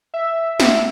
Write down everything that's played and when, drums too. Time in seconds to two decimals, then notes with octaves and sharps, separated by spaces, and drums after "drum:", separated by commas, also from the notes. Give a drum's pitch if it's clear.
0.14 E5
0.60 drum: snare